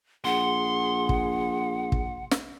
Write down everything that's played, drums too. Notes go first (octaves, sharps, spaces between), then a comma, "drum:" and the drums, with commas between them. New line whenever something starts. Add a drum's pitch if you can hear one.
A#1 G#4 F#5 C6
drum: kick
drum: kick
drum: snare